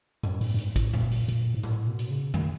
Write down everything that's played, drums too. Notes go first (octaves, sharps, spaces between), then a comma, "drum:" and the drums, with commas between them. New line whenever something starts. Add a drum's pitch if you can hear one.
F#2, drum: tom A2
G2, drum: open hi-hat
G2
G#2, drum: hi-hat
A2, drum: kick, hi-hat
A#2, drum: tom F2
drum: open hi-hat
A#2, drum: hi-hat
G#2
A2, drum: tom A2
B2
drum: hi-hat
C#3
D#3, drum: tom F2